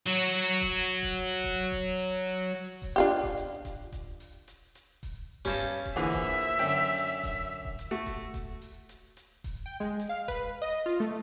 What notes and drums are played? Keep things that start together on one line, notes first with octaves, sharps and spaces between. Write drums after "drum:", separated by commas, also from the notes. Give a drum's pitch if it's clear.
F#3 F#4, drum: hi-hat
drum: hi-hat
drum: kick D#1
drum: kick D#1
drum: hi-hat
drum: kick D#1, hi-hat
drum: kick D#1
drum: open hi-hat
drum: hi-hat
drum: hi-hat
drum: kick D#1, open hi-hat
D4 F4 G4
drum: kick D#1
drum: hi-hat
drum: kick D#1, hi-hat
drum: kick D#1, hi-hat
drum: open hi-hat
drum: hi-hat
drum: hi-hat
drum: kick D#1, open hi-hat
G2 G3 C#4 A5, drum: kick D#1
drum: hi-hat
drum: kick D#1, hi-hat
A#1 D3 E3 G#4 E5
drum: kick D#1, hi-hat
drum: open hi-hat
F#2 D3 G5
drum: hi-hat
drum: hi-hat
drum: kick D#1, open hi-hat
drum: kick D#1
drum: hi-hat
A3 F#4
drum: kick D#1, hi-hat
drum: kick D#1, hi-hat
drum: open hi-hat
drum: hi-hat
drum: hi-hat
drum: kick D#1, open hi-hat
G5
G#3
drum: hi-hat
F5
B4, drum: kick D#1, hi-hat
D#5
F4
A3